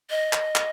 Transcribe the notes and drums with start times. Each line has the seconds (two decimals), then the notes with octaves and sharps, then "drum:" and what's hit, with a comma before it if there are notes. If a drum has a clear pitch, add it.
0.10 D#5
0.33 drum: clap
0.55 drum: clap